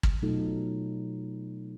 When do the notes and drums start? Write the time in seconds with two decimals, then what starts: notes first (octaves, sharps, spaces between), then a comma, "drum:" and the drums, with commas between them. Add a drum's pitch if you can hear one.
0.03 drum: kick
0.22 B2 F#3 A3 D#4 F4 A4